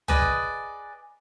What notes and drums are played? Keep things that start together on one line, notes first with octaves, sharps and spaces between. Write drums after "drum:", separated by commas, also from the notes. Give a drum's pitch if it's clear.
G#4 B4 D5 D#5, drum: tom
drum: kick